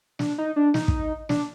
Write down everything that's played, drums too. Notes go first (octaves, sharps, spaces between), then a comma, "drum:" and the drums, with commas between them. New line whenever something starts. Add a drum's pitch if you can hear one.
D4, drum: snare
D#4
D4
D#4, drum: snare
drum: kick
D4, drum: snare